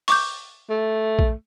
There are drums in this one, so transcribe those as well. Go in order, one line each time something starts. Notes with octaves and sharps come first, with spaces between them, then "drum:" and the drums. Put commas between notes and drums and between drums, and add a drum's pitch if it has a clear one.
C#6 D6 G6, drum: open hi-hat
A3
drum: kick A#1